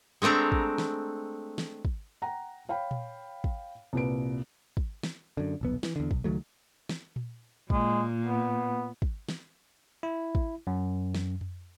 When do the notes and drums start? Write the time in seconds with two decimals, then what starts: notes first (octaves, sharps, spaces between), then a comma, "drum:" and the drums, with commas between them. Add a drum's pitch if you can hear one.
0.22 G#3 A3 C4 D4 A#5
0.52 drum: kick
0.78 drum: snare
1.58 drum: snare
1.85 drum: kick
2.22 F#5 G5 A#5
2.69 C#5 F5 G5 B5
2.91 drum: tom A#2
3.44 drum: kick
3.93 C2 A#2 B4 D7
4.77 drum: kick
5.03 drum: snare
5.37 F#2 D3
5.61 D#1 B1 B3
5.83 E3, drum: snare
5.96 E2 D3
6.11 B1, drum: kick
6.24 C#2 D#3 F#3 A3
6.89 drum: snare
7.16 drum: tom A#2
7.70 A#2 G#3, drum: kick
8.22 B3
9.02 drum: kick
9.29 drum: snare
10.03 E4
10.35 drum: kick
10.67 F#2
11.15 drum: snare
11.41 drum: tom F2